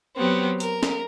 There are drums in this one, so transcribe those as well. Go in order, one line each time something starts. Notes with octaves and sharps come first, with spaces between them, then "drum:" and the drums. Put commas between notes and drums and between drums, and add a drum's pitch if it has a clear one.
F#3 B3 C4 G4
A#4, drum: hi-hat
drum: snare